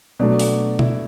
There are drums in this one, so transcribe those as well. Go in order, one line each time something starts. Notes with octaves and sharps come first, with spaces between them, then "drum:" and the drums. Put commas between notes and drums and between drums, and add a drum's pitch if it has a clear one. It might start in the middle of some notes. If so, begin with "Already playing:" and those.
B2 F#3 A3 D4
drum: open hi-hat
E4, drum: tom B2